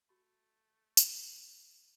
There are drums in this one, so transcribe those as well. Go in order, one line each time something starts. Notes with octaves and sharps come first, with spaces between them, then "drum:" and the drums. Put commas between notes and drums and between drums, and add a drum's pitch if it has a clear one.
A3 F#4 B5
drum: tambourine